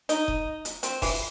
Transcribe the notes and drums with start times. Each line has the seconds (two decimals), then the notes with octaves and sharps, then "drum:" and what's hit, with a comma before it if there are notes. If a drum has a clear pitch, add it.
0.09 D#4, drum: hi-hat
0.28 drum: kick E1
0.65 drum: hi-hat
0.83 C4, drum: hi-hat
1.02 E3, drum: kick E1, open hi-hat